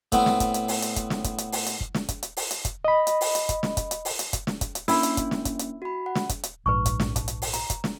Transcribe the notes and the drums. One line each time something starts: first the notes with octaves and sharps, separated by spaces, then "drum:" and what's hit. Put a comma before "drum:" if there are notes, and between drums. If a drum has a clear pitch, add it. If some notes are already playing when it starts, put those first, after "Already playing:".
A2 B3 C4, drum: kick, hi-hat
drum: snare
drum: kick, hi-hat
drum: hi-hat
drum: open hi-hat
drum: hi-hat
drum: kick, hi-hat
drum: snare
drum: kick, hi-hat
drum: hi-hat
drum: open hi-hat
drum: hi-hat
drum: kick
drum: snare
drum: kick, hi-hat
drum: hi-hat
drum: open hi-hat
drum: hi-hat
drum: kick, hi-hat
D#5 B5
drum: hi-hat
drum: open hi-hat
drum: hi-hat
drum: kick, hi-hat
drum: snare
drum: kick, hi-hat
drum: hi-hat
drum: open hi-hat
drum: hi-hat
drum: kick, hi-hat
drum: snare
drum: kick, hi-hat
drum: hi-hat
A#3 C#4 D4 E4, drum: open hi-hat
drum: hi-hat
drum: kick, hi-hat
drum: snare
drum: kick, hi-hat
drum: hi-hat
F#4 B5
F#5
drum: snare
drum: kick, hi-hat
drum: hi-hat
A#1 G#2 B4 A5 C#6
drum: kick, hi-hat
drum: snare
A5, drum: kick, hi-hat
drum: hi-hat
drum: open hi-hat
A#5, drum: hi-hat
drum: kick, hi-hat
drum: snare